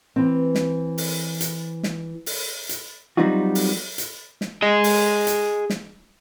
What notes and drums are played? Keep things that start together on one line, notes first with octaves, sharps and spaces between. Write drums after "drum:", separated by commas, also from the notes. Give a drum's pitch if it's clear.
E3 C4
drum: snare
drum: open hi-hat
drum: hi-hat
drum: snare
drum: open hi-hat
drum: hi-hat
F#3 G3 C4 D#4 F4 F#4
drum: open hi-hat
drum: hi-hat
drum: snare
G#4 D#5
drum: open hi-hat
drum: hi-hat
drum: snare